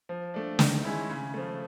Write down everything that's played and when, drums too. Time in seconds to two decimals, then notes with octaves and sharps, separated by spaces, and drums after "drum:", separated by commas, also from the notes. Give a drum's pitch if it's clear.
0.09 F3
0.34 A3 D4
0.59 D#3, drum: snare
0.84 G#3 C#4 E4
1.10 C#3
1.34 F3 A3